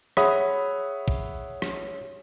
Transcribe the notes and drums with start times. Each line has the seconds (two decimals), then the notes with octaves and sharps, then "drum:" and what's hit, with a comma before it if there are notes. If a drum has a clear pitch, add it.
0.17 G#4 C#5 E5 F#5 B5 D#6, drum: rim click
1.08 drum: kick
1.62 drum: rim click